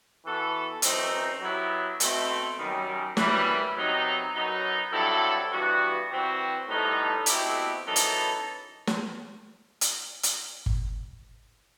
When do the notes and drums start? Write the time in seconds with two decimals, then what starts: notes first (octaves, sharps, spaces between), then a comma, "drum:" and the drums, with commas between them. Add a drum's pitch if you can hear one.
0.25 E3 B3 F#4 A4
0.82 F#2 E3 A3 C4 D#4, drum: hi-hat
1.41 F#3 B3 E4 G4
2.00 B2 A3 C4, drum: hi-hat
2.58 F#2 D#3 G3
3.17 F#2 E3 G3, drum: snare
3.76 C3 F#3 B3 D#4
4.34 F#2 F#3 B3 D#4
4.92 G2 F#3 C4 E4 A4
5.51 G2 E3 B3 F#4
6.10 E3 G3 C4 F#4
6.68 A2 G3 B3 D#4 A4
7.26 B2 A3 C4 E4 G4, drum: hi-hat
7.85 F#2 E3 B3 D#4 A4
7.96 drum: hi-hat
8.87 drum: snare
9.81 drum: hi-hat
10.23 drum: hi-hat
10.66 drum: kick G1